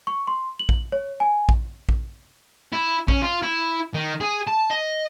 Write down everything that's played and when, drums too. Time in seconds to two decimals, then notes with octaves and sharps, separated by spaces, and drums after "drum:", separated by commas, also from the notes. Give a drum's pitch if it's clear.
0.07 C#6
0.27 C6
0.59 F#7
0.69 drum: kick A#1
0.92 C#5
1.20 G#5
1.49 drum: kick A#1
1.89 drum: kick A#1
2.73 E4
3.08 C#4, drum: kick A#1
3.22 F4
3.42 E4
3.94 D#3
4.21 G#4
4.48 A5
4.71 D#5